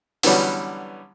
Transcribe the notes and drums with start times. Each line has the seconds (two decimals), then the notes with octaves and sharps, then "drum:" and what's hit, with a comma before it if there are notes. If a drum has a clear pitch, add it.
0.23 D3 E3 F#3 G3 B3 C#4, drum: open hi-hat